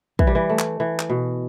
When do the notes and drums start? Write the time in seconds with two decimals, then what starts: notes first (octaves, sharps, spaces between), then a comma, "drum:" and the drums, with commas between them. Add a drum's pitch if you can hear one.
0.19 E3, drum: kick
0.27 G3
0.35 E3
0.50 A3
0.59 drum: clap
0.80 E3
0.99 drum: clap
1.10 B2